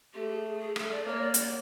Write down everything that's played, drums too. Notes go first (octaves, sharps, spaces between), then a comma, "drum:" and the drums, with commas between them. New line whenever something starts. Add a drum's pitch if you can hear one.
A3 G4
G#4
G#4
G#4
A3 A4, drum: rim click
D5
A#3 C#5
D5
C#5, drum: hi-hat